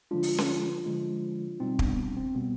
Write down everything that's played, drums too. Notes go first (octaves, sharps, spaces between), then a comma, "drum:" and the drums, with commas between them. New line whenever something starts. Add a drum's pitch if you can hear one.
D3 F3 G#3 D4 F4
drum: open hi-hat
drum: snare C#4
D3 F3 G#3
B2 G3 C4 D#4
B3 D4, drum: kick
C4
C4
B2 G3 B3